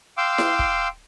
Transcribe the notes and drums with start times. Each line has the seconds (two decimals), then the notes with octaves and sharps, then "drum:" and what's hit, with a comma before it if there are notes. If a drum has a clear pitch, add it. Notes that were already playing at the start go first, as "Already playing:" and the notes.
0.17 F5 G5 C6 D6 E6
0.38 drum: snare E4
0.59 drum: kick